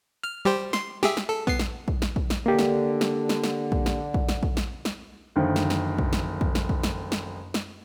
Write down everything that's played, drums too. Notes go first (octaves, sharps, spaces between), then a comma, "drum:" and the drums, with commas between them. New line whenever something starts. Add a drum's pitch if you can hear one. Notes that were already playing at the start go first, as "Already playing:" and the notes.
F6
G3 G4 C5
C6, drum: snare
G4 G#4 E5, drum: snare
drum: snare
A4
B3 C7, drum: kick
drum: snare
drum: kick
drum: snare
drum: kick
drum: snare
D3 A#3 G4
drum: snare
drum: snare
drum: snare
drum: snare
drum: kick
drum: snare
drum: kick
drum: snare
drum: kick
drum: snare
drum: snare
F#1 D3 D#3 F3
drum: snare
drum: snare
drum: kick
drum: snare
drum: kick
drum: snare
drum: kick
drum: snare
drum: snare
drum: snare